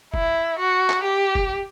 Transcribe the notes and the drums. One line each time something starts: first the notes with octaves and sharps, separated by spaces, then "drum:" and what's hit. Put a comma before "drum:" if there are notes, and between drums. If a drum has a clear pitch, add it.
E4, drum: kick
F#4
drum: clap
G4
drum: kick